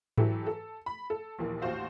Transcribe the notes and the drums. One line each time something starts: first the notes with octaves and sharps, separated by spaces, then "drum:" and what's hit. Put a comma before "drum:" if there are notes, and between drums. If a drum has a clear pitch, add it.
E3 F#3 E4 G4 A4 B4, drum: tom G#2
A4
B5
A4
A#1 D#2 E3 A#3
A1 D#2 F4 F#4 C5 F5